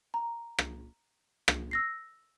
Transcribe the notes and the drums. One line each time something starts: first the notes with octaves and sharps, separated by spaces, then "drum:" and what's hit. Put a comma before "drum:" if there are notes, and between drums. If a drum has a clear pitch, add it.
A#5
drum: rim click
drum: rim click
E6 A#6 C7